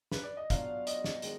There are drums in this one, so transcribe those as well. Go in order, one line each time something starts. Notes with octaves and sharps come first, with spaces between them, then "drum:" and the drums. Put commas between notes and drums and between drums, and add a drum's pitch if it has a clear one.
B4, drum: snare
D5
D#5
F#3 B3 D4 F4 F5, drum: kick, hi-hat
D#5, drum: hi-hat
drum: snare
D#3 G#3 D#4, drum: hi-hat